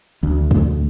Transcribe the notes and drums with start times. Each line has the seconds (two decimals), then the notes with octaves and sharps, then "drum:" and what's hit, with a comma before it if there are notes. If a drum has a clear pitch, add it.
0.23 D2
0.51 drum: kick